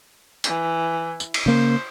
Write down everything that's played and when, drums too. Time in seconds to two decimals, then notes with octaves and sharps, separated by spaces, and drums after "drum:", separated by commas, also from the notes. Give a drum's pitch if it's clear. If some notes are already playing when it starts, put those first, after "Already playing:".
0.44 E3, drum: hi-hat
1.20 drum: tambourine
1.34 drum: cymbal
1.46 C#3 A#3 C5